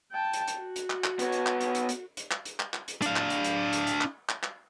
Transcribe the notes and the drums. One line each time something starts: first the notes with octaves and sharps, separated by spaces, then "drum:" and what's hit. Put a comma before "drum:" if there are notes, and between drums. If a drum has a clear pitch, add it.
G5 A5
drum: hi-hat
drum: hi-hat
F#4
drum: hi-hat
drum: clap
drum: clap
B3 C#5, drum: hi-hat
drum: hi-hat
drum: clap
drum: hi-hat
drum: hi-hat
drum: hi-hat
drum: hi-hat
drum: clap
drum: hi-hat
drum: clap
drum: clap
drum: hi-hat
D4 F5, drum: hi-hat
drum: clap
drum: hi-hat
drum: hi-hat
drum: hi-hat
drum: hi-hat
drum: clap
drum: clap
drum: clap